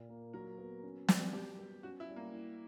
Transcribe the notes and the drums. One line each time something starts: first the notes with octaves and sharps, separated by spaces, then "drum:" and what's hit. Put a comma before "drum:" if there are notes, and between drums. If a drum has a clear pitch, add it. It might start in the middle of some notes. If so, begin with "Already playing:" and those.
Already playing: A#2
A#3
F#3 A#4
B3
C#4
G3, drum: snare
F#3 G4
B3
C#4 F#4
E4
G3
A#3
E4